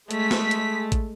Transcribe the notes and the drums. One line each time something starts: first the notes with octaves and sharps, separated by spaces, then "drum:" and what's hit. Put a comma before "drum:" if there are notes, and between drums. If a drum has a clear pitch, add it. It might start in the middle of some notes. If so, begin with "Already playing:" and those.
G#3 A3 B6, drum: hi-hat
drum: snare
drum: hi-hat
drum: kick A1, hi-hat